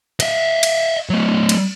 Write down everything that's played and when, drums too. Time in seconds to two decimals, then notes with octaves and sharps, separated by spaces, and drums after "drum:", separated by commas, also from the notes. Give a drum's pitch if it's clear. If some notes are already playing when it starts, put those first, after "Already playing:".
0.20 D#5 E5, drum: cymbal
0.63 drum: cymbal
1.10 F#3 A3
1.49 drum: cymbal